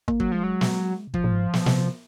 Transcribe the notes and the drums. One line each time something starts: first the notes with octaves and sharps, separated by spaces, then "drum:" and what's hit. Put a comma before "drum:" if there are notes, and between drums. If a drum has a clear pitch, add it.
A#3, drum: kick
F#3, drum: kick
F3 G#3
F#3
drum: snare
C3
A#2 F3, drum: kick
A#2
G#2
drum: snare
C3, drum: snare